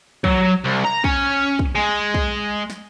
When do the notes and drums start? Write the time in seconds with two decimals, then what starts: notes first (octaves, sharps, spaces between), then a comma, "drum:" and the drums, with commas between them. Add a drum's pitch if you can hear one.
0.24 F#3, drum: kick
0.64 C2
0.84 A#5
1.04 C#4, drum: kick
1.59 drum: kick
1.75 G#3
2.14 drum: kick
2.70 drum: snare